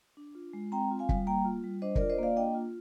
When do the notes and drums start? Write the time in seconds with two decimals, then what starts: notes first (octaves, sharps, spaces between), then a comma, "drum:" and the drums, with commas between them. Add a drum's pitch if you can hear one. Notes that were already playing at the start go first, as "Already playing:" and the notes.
0.17 D4
0.35 F4
0.53 G#3
0.72 C4 G5 A#5
0.91 F4
0.99 F5 G#5
1.09 G3, drum: kick
1.27 A#3 G5 A#5
1.45 F4
1.64 G3
1.82 D4 C5 D#5
1.95 A#4 D5, drum: kick
2.01 F4
2.10 C5 D#5
2.18 A#3 D5 F5
2.36 D4 D#5 G5
2.55 F4